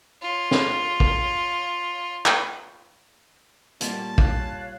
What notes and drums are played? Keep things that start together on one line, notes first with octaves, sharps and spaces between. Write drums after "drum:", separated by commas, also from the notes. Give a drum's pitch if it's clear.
F4 C#5
drum: snare
drum: kick
drum: clap
A#2 G3 A#3 C#4 A5, drum: hi-hat
C#5 F5 F#6, drum: kick